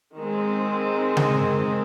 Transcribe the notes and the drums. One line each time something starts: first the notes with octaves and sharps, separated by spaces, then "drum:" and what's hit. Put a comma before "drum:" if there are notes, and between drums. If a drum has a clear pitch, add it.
D#3 G#3 C4
drum: tom C#3